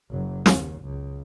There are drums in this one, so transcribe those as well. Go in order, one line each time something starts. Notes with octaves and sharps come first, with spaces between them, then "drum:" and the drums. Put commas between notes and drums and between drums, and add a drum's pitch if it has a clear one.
F#1 F#3
D#2, drum: snare
C#2